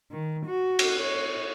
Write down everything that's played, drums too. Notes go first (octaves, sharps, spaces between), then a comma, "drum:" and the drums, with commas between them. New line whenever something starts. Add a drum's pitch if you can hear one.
D#3
F#4
drum: cymbal
C#5